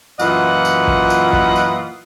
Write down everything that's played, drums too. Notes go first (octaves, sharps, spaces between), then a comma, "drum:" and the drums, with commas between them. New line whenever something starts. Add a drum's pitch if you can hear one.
F#2 A#2 E3 F4 D#5 F#5, drum: tambourine
drum: tambourine
drum: kick A1
drum: tambourine
drum: kick A1
drum: tambourine